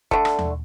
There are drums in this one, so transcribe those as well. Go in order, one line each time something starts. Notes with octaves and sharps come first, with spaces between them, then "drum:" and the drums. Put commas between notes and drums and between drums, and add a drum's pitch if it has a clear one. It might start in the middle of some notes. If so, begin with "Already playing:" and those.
D3 A3, drum: kick F#1
drum: rim click
drum: tom D#2